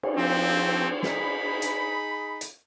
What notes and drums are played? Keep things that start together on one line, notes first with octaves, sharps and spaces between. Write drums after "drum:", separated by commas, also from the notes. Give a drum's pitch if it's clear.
drum: cymbal
F3 C4
D#4 G#4 B5, drum: snare
drum: hi-hat
drum: hi-hat